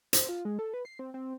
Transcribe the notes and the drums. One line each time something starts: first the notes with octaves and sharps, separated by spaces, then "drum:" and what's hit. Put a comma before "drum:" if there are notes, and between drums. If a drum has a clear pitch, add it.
C5, drum: hi-hat
F4
G#3
A4
B4
C7
C4
C4